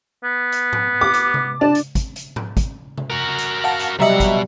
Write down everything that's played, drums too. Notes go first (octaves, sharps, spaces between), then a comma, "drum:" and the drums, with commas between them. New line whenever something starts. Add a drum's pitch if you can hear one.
B3
drum: hi-hat
drum: tom G#2
D6
drum: hi-hat
drum: tom C3
D4 A5
drum: hi-hat
drum: kick, hi-hat
drum: hi-hat
drum: tom G#2
drum: kick, hi-hat
drum: tom C3
F#4 A#4
drum: hi-hat
F5 F#5 A5
drum: hi-hat
B2 F#3 G3 D#5 E5 F#5 A#5, drum: tom C3
drum: kick, hi-hat